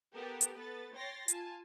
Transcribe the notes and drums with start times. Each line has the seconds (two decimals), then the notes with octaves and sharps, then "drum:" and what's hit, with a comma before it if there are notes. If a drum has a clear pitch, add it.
0.15 B3 G4 A4 A#4
0.41 drum: hi-hat
0.55 B3 A4 B4 A6
0.94 C#5 G5 C6 A6 A#6 C7
1.28 F4 G#5 A5, drum: hi-hat